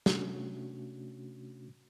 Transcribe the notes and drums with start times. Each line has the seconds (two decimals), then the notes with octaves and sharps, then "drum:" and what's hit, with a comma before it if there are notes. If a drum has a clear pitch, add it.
0.06 C3 A3 C#4 D4 F#4, drum: snare